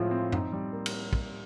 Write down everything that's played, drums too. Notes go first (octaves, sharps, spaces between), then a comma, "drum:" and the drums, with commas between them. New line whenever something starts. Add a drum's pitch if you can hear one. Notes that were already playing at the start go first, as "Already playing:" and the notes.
Already playing: A2 F3 G#3 C4 F4
C4
D#4, drum: tom F#2
G3
A#3
drum: cymbal
drum: kick